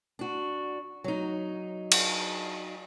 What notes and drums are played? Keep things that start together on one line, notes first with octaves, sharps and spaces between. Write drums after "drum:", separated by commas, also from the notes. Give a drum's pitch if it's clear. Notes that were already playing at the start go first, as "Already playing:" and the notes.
D4 F#4
F#3 D#4
drum: cymbal